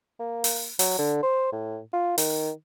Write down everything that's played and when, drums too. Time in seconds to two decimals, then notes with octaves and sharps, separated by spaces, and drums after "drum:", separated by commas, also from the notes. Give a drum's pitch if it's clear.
0.19 A#3
0.44 drum: open hi-hat
0.79 F#3, drum: open hi-hat
0.98 D3
1.23 C5
1.52 A2
1.93 F4
2.18 D#3, drum: open hi-hat